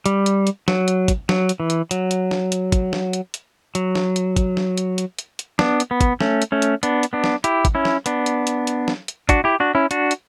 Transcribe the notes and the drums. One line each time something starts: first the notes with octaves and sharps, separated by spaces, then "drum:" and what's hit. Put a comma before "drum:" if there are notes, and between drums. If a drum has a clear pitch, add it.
G3, drum: hi-hat
drum: hi-hat
drum: hi-hat
F#3, drum: snare
drum: hi-hat
drum: kick, hi-hat
F#3, drum: snare
drum: hi-hat
E3
drum: hi-hat
F#3, drum: hi-hat
drum: hi-hat
drum: snare
drum: hi-hat
drum: kick, hi-hat
drum: snare
drum: hi-hat
drum: hi-hat
F#3, drum: hi-hat
drum: snare
drum: hi-hat
drum: kick, hi-hat
drum: snare
drum: hi-hat
drum: hi-hat
drum: hi-hat
drum: hi-hat
B3 D4, drum: snare
drum: hi-hat
B3
drum: kick, hi-hat
A3 C#4, drum: snare
drum: hi-hat
A3 C#4
drum: hi-hat
B3 D4, drum: hi-hat
drum: hi-hat
B3 D4
drum: snare
E4 G4, drum: hi-hat
drum: kick, hi-hat
C#4 E4
drum: snare
B3 D4, drum: hi-hat
drum: hi-hat
drum: hi-hat
drum: hi-hat
drum: snare
drum: hi-hat
D4 F#4, drum: kick, hi-hat
E4 G4
D4 F#4
C#4 E4
D4 F#4, drum: hi-hat
drum: hi-hat